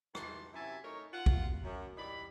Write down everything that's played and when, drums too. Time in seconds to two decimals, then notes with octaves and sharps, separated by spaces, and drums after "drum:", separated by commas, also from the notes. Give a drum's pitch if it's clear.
0.15 D#3 E3 F#4 A5 C6, drum: rim click
0.54 F#2 C3 E4 E5 G#5 A5
0.84 A3 D#4 A#4 C#5
1.13 F4 F#5
1.26 drum: kick
1.64 F#2
1.97 E3 G3 D#4 D5 B5